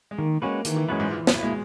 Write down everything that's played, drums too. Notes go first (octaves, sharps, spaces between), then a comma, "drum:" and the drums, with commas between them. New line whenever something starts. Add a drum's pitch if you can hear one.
G#3
D#3 A#3
G#3 A#3 C#4 F#4 B4
D#3 E3, drum: hi-hat
E3
F#2 G#3 C#4 F#4 B4
G#2
A#2 E3
B2, drum: snare
A#3 E4
G#3